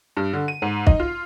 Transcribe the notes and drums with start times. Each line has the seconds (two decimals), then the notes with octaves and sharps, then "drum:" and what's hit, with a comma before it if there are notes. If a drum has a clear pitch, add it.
0.17 G2
0.33 D3
0.48 D#7
0.62 G#2
0.87 D#4, drum: kick
1.00 F4